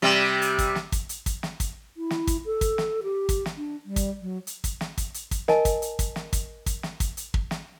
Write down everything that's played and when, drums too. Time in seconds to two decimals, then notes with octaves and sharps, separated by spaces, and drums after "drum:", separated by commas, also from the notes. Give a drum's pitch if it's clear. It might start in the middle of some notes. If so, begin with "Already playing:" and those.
0.02 C3 G3
0.42 drum: hi-hat
0.59 drum: kick, hi-hat
0.75 drum: snare
0.92 drum: kick, hi-hat
1.09 drum: hi-hat
1.26 drum: kick, hi-hat
1.43 drum: snare
1.60 drum: kick, hi-hat
1.97 E4
2.10 drum: snare
2.27 drum: kick, hi-hat
2.45 A4
2.61 drum: kick, hi-hat
2.78 drum: snare
3.03 G4
3.29 drum: kick, hi-hat
3.46 drum: snare
3.57 D4
3.85 G3
3.96 drum: kick, hi-hat
4.21 F#3
4.47 drum: hi-hat
4.64 drum: kick, hi-hat
4.81 drum: snare
4.98 drum: kick, hi-hat
5.14 drum: hi-hat
5.31 drum: kick, hi-hat
5.48 A#4 D#5 G#5 A5, drum: snare
5.65 drum: kick, hi-hat
5.82 drum: hi-hat
5.99 drum: kick, hi-hat
6.16 drum: snare
6.33 drum: kick, hi-hat
6.66 drum: kick, hi-hat
6.83 drum: snare
7.00 drum: kick, hi-hat
7.17 drum: hi-hat
7.34 drum: kick
7.51 drum: snare